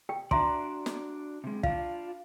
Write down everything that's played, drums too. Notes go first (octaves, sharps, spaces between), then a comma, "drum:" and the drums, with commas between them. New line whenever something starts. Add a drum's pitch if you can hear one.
G4 G5
D4 F#4 D5 E5 A#5 C6, drum: kick
drum: snare
C3 G#3
D4 F4 F5, drum: kick